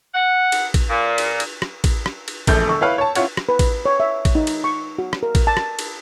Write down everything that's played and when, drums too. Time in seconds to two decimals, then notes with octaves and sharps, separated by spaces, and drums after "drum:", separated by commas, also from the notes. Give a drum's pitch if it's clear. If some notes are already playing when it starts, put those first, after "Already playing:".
0.15 F#5
0.52 drum: cymbal
0.74 drum: kick, cymbal
0.90 A#2
1.18 drum: cymbal
1.40 drum: cymbal
1.62 drum: rim click
1.84 drum: kick, cymbal
2.06 drum: rim click
2.28 drum: cymbal
2.47 E1 A#1 A3 G6, drum: kick, cymbal
2.67 D3 C#6 E6
2.81 E4 B4 C#5 F5
2.98 C#5 A5
3.15 C#4 E4 F4 C#5 F#5, drum: cymbal
3.37 drum: rim click
3.49 B4
3.59 drum: kick, cymbal
3.86 C#5
4.00 E5
4.25 drum: kick, cymbal
4.35 D#4
4.47 drum: cymbal
4.64 C#6
4.99 F#4
5.13 drum: rim click
5.23 A#4
5.35 drum: kick, cymbal
5.47 A5
5.57 drum: rim click
5.79 drum: cymbal